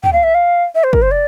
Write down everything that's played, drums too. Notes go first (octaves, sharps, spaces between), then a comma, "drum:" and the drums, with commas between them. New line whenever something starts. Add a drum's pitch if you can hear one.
G5, drum: tom
F5
E5
F5
E5
C5
A#4, drum: kick
C5
D5